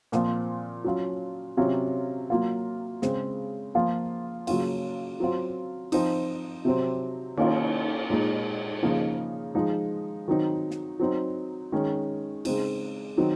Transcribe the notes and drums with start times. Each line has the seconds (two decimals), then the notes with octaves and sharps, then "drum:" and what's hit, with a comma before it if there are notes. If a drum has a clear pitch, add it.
0.12 A#2 F3 C4 F4, drum: snare
0.84 F#3 C#4 F4
1.57 C3 F#3 C#4 F4
2.30 F#3 A#3 F4
3.02 C#3 G#3 C4, drum: snare
3.75 F3 A#3 F4
4.47 C#3 F#3 A#3 C#4 F4, drum: cymbal
5.20 F#3 C4 F4
5.92 F3 C4 D#4, drum: cymbal
6.65 C3 F#3 C4
7.37 D#3 A#3 C#4 F4, drum: cymbal
8.10 A#2 G#3 D#4
8.83 C#3 F3 A#3 D#4
9.55 F3 G#3 D#4
10.28 D#3 F#3 C4 D#4
10.71 drum: snare
11.00 F#3 C4 D#4
11.72 D#3 G#3 C#4
12.45 C#3 G#3 C4 D#4, drum: cymbal
13.17 D#3 F#3 C4 D#4